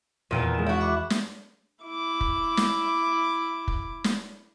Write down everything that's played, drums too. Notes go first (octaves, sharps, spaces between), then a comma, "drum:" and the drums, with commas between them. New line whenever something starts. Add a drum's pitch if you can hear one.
E2 A#2 D#3 B3
G#3 E7
E4 F#4
E5 B5 D6
drum: snare
E4 D6
drum: kick
drum: snare
drum: kick
drum: snare